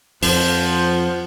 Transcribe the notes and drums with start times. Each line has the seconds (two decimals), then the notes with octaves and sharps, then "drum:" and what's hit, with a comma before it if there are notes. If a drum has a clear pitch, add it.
0.23 F2 F3 C5 F#5, drum: open hi-hat